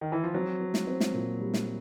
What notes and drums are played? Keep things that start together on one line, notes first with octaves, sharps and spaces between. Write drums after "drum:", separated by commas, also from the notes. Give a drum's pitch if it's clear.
D#3
E3
F3
F#3 C4
C4
drum: snare
C4
drum: snare
A#2
G3
drum: snare